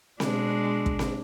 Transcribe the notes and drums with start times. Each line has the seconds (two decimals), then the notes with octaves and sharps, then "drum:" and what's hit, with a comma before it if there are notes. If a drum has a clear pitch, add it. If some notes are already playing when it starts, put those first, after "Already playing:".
0.20 B2 G#3 D4, drum: snare C4
0.86 drum: kick
0.99 drum: snare C4